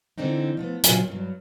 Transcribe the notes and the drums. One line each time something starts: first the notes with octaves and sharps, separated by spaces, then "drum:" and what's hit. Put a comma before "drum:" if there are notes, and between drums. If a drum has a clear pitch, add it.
D3 E3 C4 D4 D#4
F3 A3 B3
A#2 C#3 F#3 F4 G#5, drum: hi-hat
G2 F#3